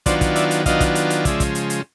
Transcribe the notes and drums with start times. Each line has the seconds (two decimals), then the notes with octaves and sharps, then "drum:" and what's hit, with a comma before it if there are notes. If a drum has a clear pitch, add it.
0.06 D#3 F#3 B3 D4 F4 C5 D5, drum: kick, hi-hat
0.21 drum: kick, hi-hat
0.36 D5 E5, drum: hi-hat
0.51 drum: hi-hat
0.66 D#3 F#3 B3 D4 F4 D#5 F5, drum: kick, hi-hat
0.80 drum: kick, hi-hat
0.95 drum: hi-hat
1.10 drum: hi-hat
1.25 C#3 F3 G#3 D5 E5, drum: kick, hi-hat
1.40 drum: kick, hi-hat
1.55 drum: hi-hat
1.70 drum: hi-hat